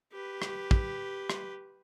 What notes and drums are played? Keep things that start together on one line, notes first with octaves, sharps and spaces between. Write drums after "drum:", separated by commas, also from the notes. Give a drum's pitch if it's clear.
G4 B4
drum: rim click
drum: kick
drum: rim click